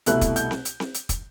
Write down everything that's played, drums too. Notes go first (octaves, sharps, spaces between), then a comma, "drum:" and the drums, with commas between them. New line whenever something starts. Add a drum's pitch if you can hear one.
C2 B2 A3 E4 F#6, drum: hi-hat
drum: kick, hi-hat
G6, drum: hi-hat
drum: snare C4
drum: hi-hat
drum: snare C4
drum: hi-hat
drum: kick, hi-hat